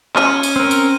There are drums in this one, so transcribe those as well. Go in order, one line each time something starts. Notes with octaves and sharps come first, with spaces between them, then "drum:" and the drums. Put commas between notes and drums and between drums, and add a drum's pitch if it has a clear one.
C#4 F6 D#7, drum: clap
drum: tambourine
C4 A#4
drum: tambourine